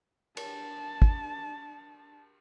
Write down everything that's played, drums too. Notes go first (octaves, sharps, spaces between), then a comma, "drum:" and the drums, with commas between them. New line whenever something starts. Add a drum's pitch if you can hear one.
D4 A5, drum: cymbal
drum: kick